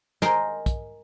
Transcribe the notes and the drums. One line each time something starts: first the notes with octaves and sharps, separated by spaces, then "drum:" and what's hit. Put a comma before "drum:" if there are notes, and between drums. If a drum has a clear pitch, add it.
A#4 D#5 G5 G#5 A#5 C6, drum: snare
drum: kick, hi-hat